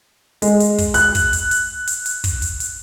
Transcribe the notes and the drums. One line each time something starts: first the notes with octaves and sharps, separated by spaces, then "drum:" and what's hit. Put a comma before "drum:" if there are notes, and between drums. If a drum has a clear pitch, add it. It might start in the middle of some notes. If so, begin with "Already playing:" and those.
G#3, drum: hi-hat
drum: hi-hat
drum: kick, hi-hat
F#6, drum: hi-hat
drum: kick, hi-hat
drum: hi-hat
drum: hi-hat
drum: hi-hat
drum: hi-hat
drum: kick, hi-hat
drum: hi-hat
drum: hi-hat